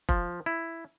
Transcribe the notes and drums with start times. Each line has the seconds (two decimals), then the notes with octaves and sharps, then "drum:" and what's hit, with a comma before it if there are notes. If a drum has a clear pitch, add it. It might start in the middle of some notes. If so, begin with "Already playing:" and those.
0.09 F3, drum: kick
0.46 E4